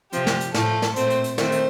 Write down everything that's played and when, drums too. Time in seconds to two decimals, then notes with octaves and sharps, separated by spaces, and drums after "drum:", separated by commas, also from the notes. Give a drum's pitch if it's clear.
0.12 C3 F3 C4 G4, drum: hi-hat
0.27 drum: snare
0.41 drum: hi-hat
0.54 A2 F3 A3 A4, drum: snare
0.82 drum: snare
0.96 A#2 A3 C4 C5, drum: hi-hat
1.10 drum: hi-hat
1.24 drum: hi-hat
1.38 D#3 A3 C4 C5, drum: snare
1.52 drum: hi-hat